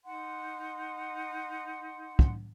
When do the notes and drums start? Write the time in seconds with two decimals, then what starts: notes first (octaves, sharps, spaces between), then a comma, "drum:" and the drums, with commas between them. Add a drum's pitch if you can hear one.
0.05 D#4 F#5 C6
2.19 drum: kick